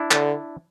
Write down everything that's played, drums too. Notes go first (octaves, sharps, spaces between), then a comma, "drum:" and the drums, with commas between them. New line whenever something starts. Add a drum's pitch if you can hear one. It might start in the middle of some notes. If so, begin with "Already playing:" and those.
Already playing: D4 E4
D3, drum: clap